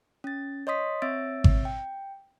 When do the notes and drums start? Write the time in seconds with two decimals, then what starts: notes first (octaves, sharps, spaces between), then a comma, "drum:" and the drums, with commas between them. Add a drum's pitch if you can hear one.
0.24 C#4 A6
0.67 C#5 D#5 C6 D#6 B6
1.02 C4 C#5 E5 E6 A6 D7
1.44 drum: kick G#1
1.65 G5